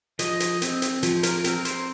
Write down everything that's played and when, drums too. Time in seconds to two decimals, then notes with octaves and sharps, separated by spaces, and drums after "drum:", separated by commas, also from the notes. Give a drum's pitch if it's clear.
0.19 F3 D#5, drum: hi-hat
0.40 drum: hi-hat
0.62 C4, drum: hi-hat
0.82 drum: hi-hat
1.03 F3, drum: hi-hat
1.23 A#4, drum: hi-hat
1.44 C4 A#4, drum: hi-hat
1.65 C5, drum: hi-hat